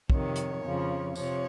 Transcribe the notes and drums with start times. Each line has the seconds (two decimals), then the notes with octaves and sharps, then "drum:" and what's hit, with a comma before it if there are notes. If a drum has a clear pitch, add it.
0.10 F2 C3 D#3 C#5, drum: kick
0.36 drum: hi-hat
0.63 F2 C#3 F3
1.15 C3 F3 C#5, drum: tambourine